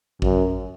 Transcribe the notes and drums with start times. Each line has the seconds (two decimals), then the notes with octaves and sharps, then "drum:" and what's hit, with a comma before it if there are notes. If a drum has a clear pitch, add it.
0.22 F#2, drum: kick A1